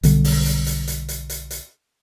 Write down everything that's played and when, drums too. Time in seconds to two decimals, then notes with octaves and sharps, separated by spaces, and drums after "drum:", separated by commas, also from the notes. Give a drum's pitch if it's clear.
0.03 B1 D3 G3, drum: hi-hat
0.24 drum: open hi-hat
0.45 drum: hi-hat
0.66 drum: hi-hat
0.87 drum: hi-hat
1.08 drum: hi-hat
1.30 drum: hi-hat
1.51 drum: hi-hat